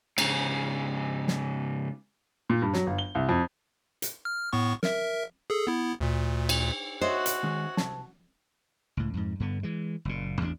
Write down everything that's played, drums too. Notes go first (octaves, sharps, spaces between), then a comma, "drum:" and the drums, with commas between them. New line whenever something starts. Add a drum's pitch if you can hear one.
G#2 C#3, drum: cymbal
drum: snare
A#2
G2
F#3, drum: snare
G1
G7
C2
F2
drum: hi-hat
F6
A2 B3 C#6
A#4 E5, drum: snare
G#4 A4
B3 E4
D2 A#2
drum: cymbal
F#4 C5 C#5 D#5 E5 F#5
drum: hi-hat
D#3 G#3 C#4
C2 A5, drum: snare
C#2 A2
F2 G#2
G2 D3 B3
E3 G#3
F#1 A#2
A1 E2 A3 D4